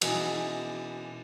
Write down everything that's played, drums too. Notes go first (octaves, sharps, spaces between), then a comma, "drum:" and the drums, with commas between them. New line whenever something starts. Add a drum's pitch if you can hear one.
B2 E3 G#4 A#5 B5, drum: cymbal